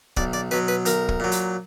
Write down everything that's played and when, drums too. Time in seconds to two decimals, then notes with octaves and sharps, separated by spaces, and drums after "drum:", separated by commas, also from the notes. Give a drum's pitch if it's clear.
0.17 B1 D5, drum: kick
0.33 D5
0.51 B2 F#3 B4
0.68 B4
0.85 B1 A#4, drum: hi-hat
1.09 drum: kick
1.20 A#2 F#3
1.32 drum: hi-hat